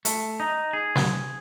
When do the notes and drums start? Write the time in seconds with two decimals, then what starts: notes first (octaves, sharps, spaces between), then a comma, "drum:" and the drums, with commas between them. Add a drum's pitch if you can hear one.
0.05 A3, drum: hi-hat
0.40 D#4
0.73 G#4
0.95 drum: snare